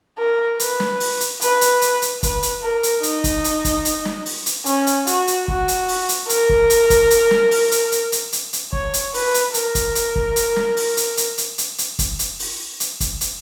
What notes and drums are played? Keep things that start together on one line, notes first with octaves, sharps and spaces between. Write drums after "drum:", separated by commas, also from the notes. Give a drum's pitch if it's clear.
A#4
B4, drum: hi-hat
drum: snare
drum: open hi-hat
drum: hi-hat
B4, drum: hi-hat
drum: hi-hat
drum: hi-hat
drum: hi-hat
B4, drum: kick, hi-hat
drum: hi-hat
A#4
drum: hi-hat
D#4, drum: hi-hat
drum: kick, hi-hat
drum: hi-hat
drum: kick, hi-hat
drum: hi-hat
drum: snare
drum: open hi-hat
drum: hi-hat
C#4, drum: hi-hat
drum: hi-hat
F#4, drum: hi-hat
drum: hi-hat
F#4, drum: kick
drum: hi-hat
drum: open hi-hat
drum: hi-hat
A#4, drum: hi-hat
drum: kick
drum: hi-hat
drum: kick, hi-hat
drum: hi-hat
drum: snare
drum: open hi-hat
drum: hi-hat
drum: hi-hat
drum: hi-hat
drum: hi-hat
drum: hi-hat
C#5, drum: kick
drum: hi-hat
B4, drum: open hi-hat
drum: hi-hat
A#4, drum: hi-hat
drum: kick, hi-hat
drum: hi-hat
drum: kick
drum: hi-hat
drum: snare
drum: open hi-hat
drum: hi-hat
drum: hi-hat
drum: hi-hat
drum: hi-hat
drum: hi-hat
drum: kick, hi-hat
drum: hi-hat
drum: open hi-hat
drum: hi-hat
drum: kick, hi-hat
drum: hi-hat